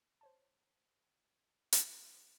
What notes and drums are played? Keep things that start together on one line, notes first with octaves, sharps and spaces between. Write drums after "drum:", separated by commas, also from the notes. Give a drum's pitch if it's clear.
C5 C#5 A5
drum: hi-hat